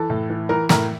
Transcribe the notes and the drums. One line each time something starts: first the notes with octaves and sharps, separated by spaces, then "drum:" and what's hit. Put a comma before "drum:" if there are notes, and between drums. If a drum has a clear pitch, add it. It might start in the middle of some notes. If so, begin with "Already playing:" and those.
Already playing: E3 A4 A5
A2
E3
E3 A#4 A#5
A2 A#4 A#5, drum: snare